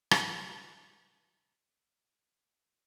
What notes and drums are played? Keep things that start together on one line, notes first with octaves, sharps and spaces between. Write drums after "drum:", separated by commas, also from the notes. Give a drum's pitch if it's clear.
drum: rim click
D#1 G#3 D4 G5